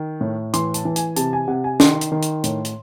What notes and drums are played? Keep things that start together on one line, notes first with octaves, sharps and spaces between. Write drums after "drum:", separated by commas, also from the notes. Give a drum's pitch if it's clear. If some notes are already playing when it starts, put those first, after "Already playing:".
Already playing: D#3
A2
E3 C6, drum: hi-hat
A5, drum: hi-hat
E3
G#5, drum: hi-hat
C3 A5, drum: hi-hat
G#5
C3 F#5
G#5
D#3 C6, drum: snare
drum: hi-hat
D#3
drum: hi-hat
A2, drum: hi-hat
drum: hi-hat